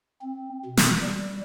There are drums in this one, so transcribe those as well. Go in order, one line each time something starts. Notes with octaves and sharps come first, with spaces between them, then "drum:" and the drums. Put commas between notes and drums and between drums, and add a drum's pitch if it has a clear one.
C4
B2
drum: snare
G3